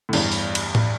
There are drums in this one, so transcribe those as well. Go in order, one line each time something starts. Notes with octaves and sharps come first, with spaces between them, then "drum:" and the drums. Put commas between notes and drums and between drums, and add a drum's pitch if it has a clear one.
A2
E2 G2, drum: cymbal
drum: open hi-hat
drum: cymbal
drum: tom A2